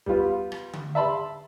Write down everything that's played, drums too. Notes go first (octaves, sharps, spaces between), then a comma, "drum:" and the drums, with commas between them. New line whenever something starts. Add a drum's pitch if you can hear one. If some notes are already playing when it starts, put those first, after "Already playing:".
G3 B3 F4, drum: kick
drum: rim click
drum: tom D3
E5 A5 B5 C6